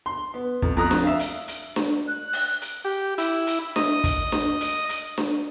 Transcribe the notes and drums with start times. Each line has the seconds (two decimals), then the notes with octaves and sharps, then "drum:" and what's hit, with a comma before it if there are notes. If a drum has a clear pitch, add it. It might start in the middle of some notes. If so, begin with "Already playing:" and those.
0.06 C6
0.34 B3
0.62 F2, drum: kick
0.77 F2 A#5 D#6 F#6
0.91 drum: snare D4
1.03 E5 F5
1.19 drum: hi-hat
1.48 drum: hi-hat
1.76 drum: snare D4
2.08 F#6
2.33 drum: open hi-hat
2.62 drum: hi-hat
2.85 G4
3.18 E4, drum: hi-hat
3.47 drum: hi-hat
3.76 D#5, drum: snare D4
4.04 drum: kick, hi-hat
4.32 drum: snare D4
4.61 drum: hi-hat
4.89 drum: hi-hat
5.18 drum: snare D4